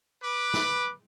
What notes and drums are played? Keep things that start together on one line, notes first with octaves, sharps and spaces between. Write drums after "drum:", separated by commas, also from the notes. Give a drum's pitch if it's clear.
B4 D6
drum: snare